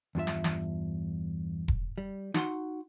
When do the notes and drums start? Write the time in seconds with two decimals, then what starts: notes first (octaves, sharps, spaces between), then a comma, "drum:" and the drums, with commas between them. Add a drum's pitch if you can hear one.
0.15 E2 G2 F4 E5
0.27 drum: snare
0.44 drum: snare
1.68 drum: kick E1
1.98 G3
2.34 D#4 F#4 F#5 C6, drum: snare